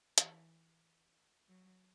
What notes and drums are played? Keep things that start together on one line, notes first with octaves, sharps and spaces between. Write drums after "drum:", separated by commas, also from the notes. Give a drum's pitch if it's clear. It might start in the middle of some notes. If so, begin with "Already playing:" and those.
E3, drum: hi-hat
F#3